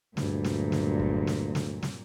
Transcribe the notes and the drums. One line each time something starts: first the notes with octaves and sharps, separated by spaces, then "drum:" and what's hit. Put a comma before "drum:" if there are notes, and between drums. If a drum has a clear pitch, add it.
D2 G2 A#2 F#3, drum: snare
drum: snare
drum: snare
drum: kick
drum: snare
drum: snare
drum: snare